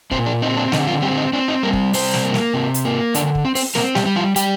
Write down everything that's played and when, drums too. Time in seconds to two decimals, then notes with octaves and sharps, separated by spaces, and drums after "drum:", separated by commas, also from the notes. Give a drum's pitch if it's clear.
0.11 A#2 C4 C5, drum: kick
0.26 D4
0.42 C4 D#4
0.57 D4
0.72 D3 D#4, drum: snare
0.87 F3 F4
1.02 G3 C4 G4
1.18 D#4
1.33 C4 D4
1.48 D#4
1.63 G3 A#3 A#4
1.73 drum: kick
1.93 C3 C4 C5, drum: open hi-hat
2.14 drum: snare
2.23 A#3
2.34 drum: snare
2.54 C3
2.74 drum: hi-hat
2.85 A#3
3.14 D3 D4 D5, drum: hi-hat
3.35 drum: kick
3.45 C4
3.55 C4 C5, drum: open hi-hat
3.75 A#3 C4 A#4, drum: snare
3.95 G3 G4, drum: snare
4.06 G3
4.16 F3 F4
4.36 G3 G4, drum: hi-hat